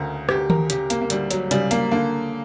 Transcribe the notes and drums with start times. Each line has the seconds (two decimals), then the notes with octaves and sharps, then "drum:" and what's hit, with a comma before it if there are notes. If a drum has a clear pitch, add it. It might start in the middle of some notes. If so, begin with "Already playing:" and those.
Already playing: D2 C#3 A#4
0.29 D2 G4, drum: rim click
0.50 A#4, drum: tom D#3
0.70 C#3 G4, drum: hi-hat
0.90 A#3, drum: hi-hat
1.01 A#3
1.10 D2 G3, drum: hi-hat
1.31 F#3, drum: hi-hat
1.51 C#3 G3, drum: hi-hat
1.71 A#3, drum: hi-hat
1.92 D3 A#3